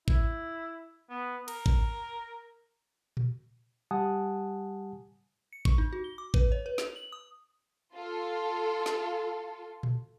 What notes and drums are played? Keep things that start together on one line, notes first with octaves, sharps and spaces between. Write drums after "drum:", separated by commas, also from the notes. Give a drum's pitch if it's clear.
E4, drum: kick A1
B3
A#4, drum: cymbal
drum: kick A1
drum: tom A#2
G3 G4 F#5 G#5 A5 D#6
C#7
C#6, drum: kick A1
D#4
F#4
G7
D6
B4, drum: kick A1
C#5
B4
F7, drum: snare
F#7
D#6
F4 A4
drum: snare
drum: tom A#2